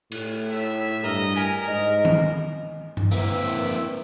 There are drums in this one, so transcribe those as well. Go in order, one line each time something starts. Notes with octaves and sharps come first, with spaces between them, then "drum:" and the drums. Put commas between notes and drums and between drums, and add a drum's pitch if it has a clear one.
A2, drum: cymbal
E5
G2 A#4 D#5
A#4 G#5 B6
G#2 D#5
drum: tom D#3
drum: tom G2
A#3 C4 E4 B4 E5